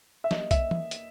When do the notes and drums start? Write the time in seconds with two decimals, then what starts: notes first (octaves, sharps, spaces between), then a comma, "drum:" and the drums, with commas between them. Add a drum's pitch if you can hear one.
0.24 E5
0.31 A#3 D#5, drum: snare
0.51 E5, drum: kick B1, hi-hat
0.71 drum: tom
0.91 drum: hi-hat